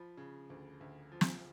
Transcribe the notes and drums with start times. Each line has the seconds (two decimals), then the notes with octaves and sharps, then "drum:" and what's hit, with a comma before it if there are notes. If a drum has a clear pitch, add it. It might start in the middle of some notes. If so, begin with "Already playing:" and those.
Already playing: F3 B5
0.17 C#3
0.50 D2
0.81 D2
1.12 F3
1.21 drum: snare